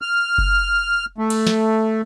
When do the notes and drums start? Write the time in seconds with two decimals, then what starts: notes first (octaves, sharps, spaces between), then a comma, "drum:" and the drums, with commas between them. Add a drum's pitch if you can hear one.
0.02 F6
0.38 drum: kick F#1
1.18 A3
1.30 drum: cymbal
1.47 drum: snare